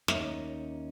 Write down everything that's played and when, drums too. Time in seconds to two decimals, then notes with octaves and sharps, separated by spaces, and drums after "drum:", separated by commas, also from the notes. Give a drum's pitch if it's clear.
0.08 D#2 C#4 D#4 A#4 E5, drum: snare